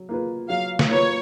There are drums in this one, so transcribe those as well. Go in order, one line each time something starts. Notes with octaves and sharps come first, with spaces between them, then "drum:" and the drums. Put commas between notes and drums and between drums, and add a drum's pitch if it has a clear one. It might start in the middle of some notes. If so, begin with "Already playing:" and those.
Already playing: F#3
A#3 F4 B4
F#3 F5
drum: snare
A#3 F4 B4 C#5